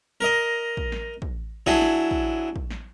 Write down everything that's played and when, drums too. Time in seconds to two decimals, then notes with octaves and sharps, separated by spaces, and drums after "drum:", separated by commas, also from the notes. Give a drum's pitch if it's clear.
0.21 A#4 D#5
0.77 drum: kick
0.92 drum: snare
1.22 drum: kick
1.66 F#3 D4 E4 G#4, drum: kick
1.81 drum: snare
2.11 drum: kick
2.56 drum: kick
2.70 drum: snare